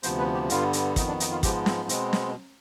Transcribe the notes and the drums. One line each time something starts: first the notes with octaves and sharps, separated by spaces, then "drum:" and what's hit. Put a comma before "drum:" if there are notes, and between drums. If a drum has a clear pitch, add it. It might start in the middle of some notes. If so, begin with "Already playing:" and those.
D2 C3 F3 B3 C5, drum: hi-hat
B4
G4
G2 D3 G3 B3 F4, drum: hi-hat
drum: hi-hat
F2 D#3 B3 D#4, drum: kick, hi-hat
D4
D#4, drum: hi-hat
F4
G#2 F3 G#3 B3 G4, drum: kick, hi-hat
C4, drum: snare
B2 G#3 B3 C4, drum: hi-hat
drum: snare